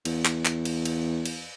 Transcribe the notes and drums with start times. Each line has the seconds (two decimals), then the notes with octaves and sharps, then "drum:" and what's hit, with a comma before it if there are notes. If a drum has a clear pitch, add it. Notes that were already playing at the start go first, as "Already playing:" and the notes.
0.05 E2, drum: cymbal
0.25 drum: clap
0.45 drum: clap
0.65 drum: cymbal
0.85 drum: cymbal
1.25 drum: cymbal